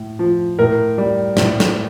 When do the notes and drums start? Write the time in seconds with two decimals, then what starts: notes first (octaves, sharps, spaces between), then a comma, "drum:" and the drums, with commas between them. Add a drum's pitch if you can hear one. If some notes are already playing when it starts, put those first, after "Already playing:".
Already playing: A2
0.19 F3
0.59 A2 A#4
0.98 G3
1.37 A2, drum: snare
1.60 drum: snare